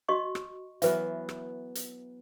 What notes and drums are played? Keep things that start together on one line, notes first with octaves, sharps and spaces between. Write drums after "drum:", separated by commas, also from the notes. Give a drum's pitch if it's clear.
F#4 D#5 C#6
drum: rim click
E3 F#3 B3 B4 E5, drum: hi-hat
drum: rim click
drum: hi-hat